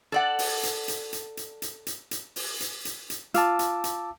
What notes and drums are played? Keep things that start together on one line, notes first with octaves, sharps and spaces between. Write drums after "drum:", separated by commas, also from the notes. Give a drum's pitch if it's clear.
A4 D5 F#5
drum: open hi-hat
drum: hi-hat
drum: hi-hat
drum: hi-hat
drum: hi-hat
drum: hi-hat
drum: hi-hat
drum: hi-hat
drum: open hi-hat
drum: hi-hat
drum: hi-hat
drum: hi-hat
F4 A5 D6 E6, drum: hi-hat
drum: hi-hat
drum: hi-hat